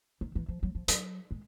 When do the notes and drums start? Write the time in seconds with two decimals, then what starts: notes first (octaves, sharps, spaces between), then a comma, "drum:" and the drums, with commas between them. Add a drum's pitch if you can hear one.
0.21 D#3
0.35 E3
0.49 F3
0.63 F#3
0.75 F3
0.88 F#3, drum: hi-hat
1.31 G#3